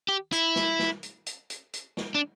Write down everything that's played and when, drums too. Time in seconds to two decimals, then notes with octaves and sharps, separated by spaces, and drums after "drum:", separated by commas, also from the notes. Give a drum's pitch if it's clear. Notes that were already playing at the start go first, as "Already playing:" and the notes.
0.08 G4
0.32 E4, drum: hi-hat
0.56 drum: snare
0.79 drum: snare
1.03 drum: hi-hat
1.26 drum: hi-hat
1.50 drum: hi-hat
1.74 drum: hi-hat
1.97 drum: snare
2.15 D4